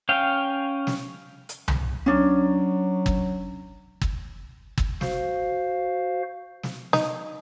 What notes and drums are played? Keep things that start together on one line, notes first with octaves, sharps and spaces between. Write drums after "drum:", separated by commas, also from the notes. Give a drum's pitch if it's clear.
C#4 F5 G5
drum: snare
drum: hi-hat
drum: tom C2
F#3 C#4 D4
drum: kick G1
drum: kick G1
drum: kick G1
F#4 C5 F5, drum: snare
drum: snare
D#4, drum: snare